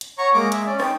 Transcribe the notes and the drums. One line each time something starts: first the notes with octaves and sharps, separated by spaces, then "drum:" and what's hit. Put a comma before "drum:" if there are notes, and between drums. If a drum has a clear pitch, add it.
drum: hi-hat
C#5 F#5 A#5 C#6
G#3 A#3 A#5 D6
E5, drum: hi-hat
C#4 D5
D#4 G5, drum: rim click